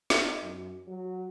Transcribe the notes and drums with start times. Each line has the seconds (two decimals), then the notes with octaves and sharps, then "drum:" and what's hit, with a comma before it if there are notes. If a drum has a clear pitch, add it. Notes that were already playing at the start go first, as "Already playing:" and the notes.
0.10 D#4, drum: snare
0.42 F#2
0.87 F#3